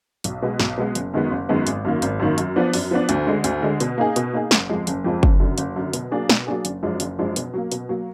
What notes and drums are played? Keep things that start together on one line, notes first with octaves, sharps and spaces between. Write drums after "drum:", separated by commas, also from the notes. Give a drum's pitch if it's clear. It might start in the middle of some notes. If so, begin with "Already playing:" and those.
B1, drum: hi-hat
B2 G#3 B3
B1, drum: snare
B2 G#3 B3
F#1, drum: hi-hat
F#2 D#3 G#3 B3
F#1
F#2 D#3 G#3 B3
G#1, drum: hi-hat
F#2 D#3 A#3
G#1, drum: hi-hat
F#2 D#3 A#3
F#2, drum: hi-hat
F3 B3 D4
F#2, drum: open hi-hat
F3 B3 D4
D2, drum: hi-hat
D3 G#3
D2, drum: hi-hat
D3 G#3
B2, drum: hi-hat
A#3 D#4 G#4
B2, drum: hi-hat
A#3 D#4 G#4
F#1, drum: snare
F2 F3 G#3
F#1, drum: hi-hat
F2 F3 G#3
F#1, drum: kick
F#2 D3
F#1, drum: hi-hat
F#2 D3
B2, drum: hi-hat
F#3 A#3 D4 G#4
B2, drum: snare
F#3 A#3 D4 G#4
F#1, drum: hi-hat
F#2 F3 G#3 D4
F#1, drum: hi-hat
F#2 F3 G#3 D4
B2, drum: hi-hat
F#3 A#3
B2, drum: hi-hat
F#3 A#3